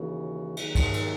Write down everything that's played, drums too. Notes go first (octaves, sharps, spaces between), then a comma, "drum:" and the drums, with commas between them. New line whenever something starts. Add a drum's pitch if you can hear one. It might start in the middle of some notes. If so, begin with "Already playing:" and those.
Already playing: D#2 C#3 E3 F#4
D#2 D#3 F#3 G#4, drum: cymbal
drum: kick, cymbal
drum: cymbal